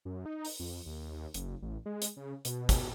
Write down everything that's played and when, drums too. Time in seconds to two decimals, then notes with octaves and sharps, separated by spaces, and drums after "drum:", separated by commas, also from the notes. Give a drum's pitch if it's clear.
0.05 F#2
0.26 D#4
0.45 drum: open hi-hat
0.59 F2
0.86 D#2
1.34 F#1, drum: hi-hat
1.62 A1
1.86 G#3
2.02 drum: hi-hat
2.17 C#3
2.45 B2, drum: hi-hat
2.69 drum: kick, hi-hat